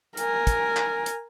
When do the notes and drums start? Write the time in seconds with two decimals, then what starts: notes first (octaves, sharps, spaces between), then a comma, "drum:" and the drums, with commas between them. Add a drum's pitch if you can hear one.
0.17 A#4 G#5, drum: hi-hat
0.47 drum: kick, hi-hat
0.77 drum: clap
1.06 drum: hi-hat